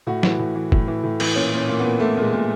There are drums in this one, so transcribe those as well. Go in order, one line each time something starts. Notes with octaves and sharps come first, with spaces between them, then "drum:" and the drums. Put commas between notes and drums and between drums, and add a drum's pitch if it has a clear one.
A2 F#4
E3, drum: snare
A2
E3
A2, drum: kick
E3
A2
E3, drum: cymbal
A#2 C#4
A#2 C#4
A#2
B3
A#2
A#2 A3
A#2 G#3
A#2